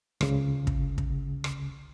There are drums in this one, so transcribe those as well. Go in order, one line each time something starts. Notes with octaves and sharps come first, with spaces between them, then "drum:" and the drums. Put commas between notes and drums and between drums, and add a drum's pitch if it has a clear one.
C#2 C#3, drum: rim click
drum: kick
drum: kick
drum: rim click